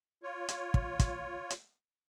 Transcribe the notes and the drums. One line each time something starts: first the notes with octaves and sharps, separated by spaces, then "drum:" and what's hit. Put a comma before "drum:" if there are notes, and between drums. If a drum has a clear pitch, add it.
F4 C#5
drum: hi-hat
drum: kick
drum: kick, hi-hat
drum: hi-hat